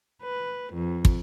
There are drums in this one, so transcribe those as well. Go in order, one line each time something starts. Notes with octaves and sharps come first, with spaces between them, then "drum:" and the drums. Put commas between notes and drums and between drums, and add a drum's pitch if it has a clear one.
B4
F2
drum: kick